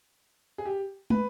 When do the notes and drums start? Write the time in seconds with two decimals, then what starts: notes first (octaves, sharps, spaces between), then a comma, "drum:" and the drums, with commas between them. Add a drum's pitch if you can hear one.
0.58 G#4
0.65 G4
1.10 B4, drum: tom